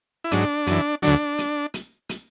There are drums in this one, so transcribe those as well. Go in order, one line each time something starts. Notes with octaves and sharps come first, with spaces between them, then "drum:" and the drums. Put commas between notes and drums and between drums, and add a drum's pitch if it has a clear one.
E4
G#2 F#3 D4, drum: hi-hat
F#2 E3, drum: hi-hat
D2 D3 F#3 D4, drum: open hi-hat
drum: hi-hat
drum: hi-hat
drum: hi-hat